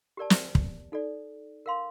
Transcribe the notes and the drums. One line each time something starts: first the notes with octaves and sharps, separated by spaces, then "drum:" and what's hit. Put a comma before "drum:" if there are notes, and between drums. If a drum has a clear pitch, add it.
G4 A#4 D5 A5
drum: snare
drum: kick
D#4 A4 D5
A#4 F5 C6